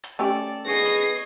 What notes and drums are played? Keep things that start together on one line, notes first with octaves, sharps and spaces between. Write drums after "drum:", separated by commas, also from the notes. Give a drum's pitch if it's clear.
drum: hi-hat
A3 C#4 G4 A4 D5
B3 G#4 C#5 D#5 A#6 C7
drum: hi-hat